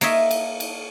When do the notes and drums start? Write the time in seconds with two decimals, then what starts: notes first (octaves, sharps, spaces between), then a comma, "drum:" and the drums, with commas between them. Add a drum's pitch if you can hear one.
0.01 A#3 C#5 D#5 E5, drum: cymbal
0.31 drum: cymbal
0.60 drum: cymbal